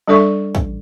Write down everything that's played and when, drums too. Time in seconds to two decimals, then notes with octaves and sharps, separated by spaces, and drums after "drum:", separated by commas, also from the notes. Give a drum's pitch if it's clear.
0.08 G3 D4 A4 D5 E5 C#6
0.55 drum: kick